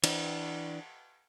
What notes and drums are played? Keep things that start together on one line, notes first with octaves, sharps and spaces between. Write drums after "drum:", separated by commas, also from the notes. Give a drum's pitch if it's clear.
E3 D4, drum: cymbal